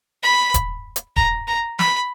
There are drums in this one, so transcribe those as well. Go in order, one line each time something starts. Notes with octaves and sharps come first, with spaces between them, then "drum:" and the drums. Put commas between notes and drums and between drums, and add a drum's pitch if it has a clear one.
B5
drum: kick D#1, hi-hat
drum: hi-hat
A#5, drum: kick D#1
A#5
B5, drum: snare